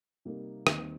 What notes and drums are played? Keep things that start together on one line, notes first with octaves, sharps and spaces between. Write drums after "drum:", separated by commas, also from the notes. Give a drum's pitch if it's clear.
C3 G3 A#3 D#4 A#4
D#2 D#3 G3 C4 D#4, drum: rim click